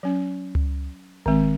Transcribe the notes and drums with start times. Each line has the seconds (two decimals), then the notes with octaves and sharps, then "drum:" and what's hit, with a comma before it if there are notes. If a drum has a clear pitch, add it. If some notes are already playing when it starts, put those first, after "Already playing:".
0.03 F#3 C#4
0.55 drum: tom C#2
1.26 D#3 G#3 C4, drum: kick G#1